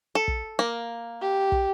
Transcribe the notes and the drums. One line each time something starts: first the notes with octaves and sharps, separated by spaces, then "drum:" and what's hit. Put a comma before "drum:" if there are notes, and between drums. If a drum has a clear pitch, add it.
A4
drum: kick
A#3
G4
drum: kick